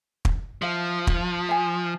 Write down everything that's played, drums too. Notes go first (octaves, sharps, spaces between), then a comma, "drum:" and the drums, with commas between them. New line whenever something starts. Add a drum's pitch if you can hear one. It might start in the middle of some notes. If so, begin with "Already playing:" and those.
drum: kick
F3 E5 F5
drum: kick
E5 G#5